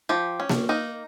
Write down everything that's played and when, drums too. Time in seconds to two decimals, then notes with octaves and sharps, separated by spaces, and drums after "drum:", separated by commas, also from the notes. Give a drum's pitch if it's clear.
0.09 F3 G4
0.40 C#4
0.50 drum: snare A#3
0.69 A#3 D#4